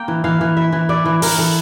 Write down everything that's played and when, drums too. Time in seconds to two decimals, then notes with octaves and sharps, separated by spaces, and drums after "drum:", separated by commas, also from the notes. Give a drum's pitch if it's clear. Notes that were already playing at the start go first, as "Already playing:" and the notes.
Already playing: A#3 G5
0.08 E3
0.24 E3 F5
0.41 E3
0.57 E4 E5
0.73 E3
0.89 E4 D5
1.06 E3
1.22 E3 A#4, drum: open hi-hat
1.38 E3 A4